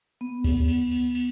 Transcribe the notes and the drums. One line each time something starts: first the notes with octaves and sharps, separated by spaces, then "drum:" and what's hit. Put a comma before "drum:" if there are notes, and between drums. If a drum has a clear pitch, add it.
B3
drum: kick D2, cymbal
drum: cymbal
drum: cymbal
drum: cymbal